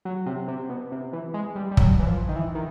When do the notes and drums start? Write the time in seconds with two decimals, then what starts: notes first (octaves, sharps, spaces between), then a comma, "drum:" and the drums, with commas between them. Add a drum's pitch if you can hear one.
0.05 F#3
0.26 C3
0.48 C3
0.70 B2
0.92 C3
1.13 E3
1.34 G#3
1.55 G3
1.71 G3
1.77 F#3, drum: kick
1.99 E3
2.06 F3
2.29 D#3
2.36 E3
2.55 D#3